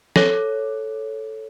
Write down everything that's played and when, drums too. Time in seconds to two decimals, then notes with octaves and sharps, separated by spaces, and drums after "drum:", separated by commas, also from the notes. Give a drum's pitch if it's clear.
0.16 A4 C#5, drum: snare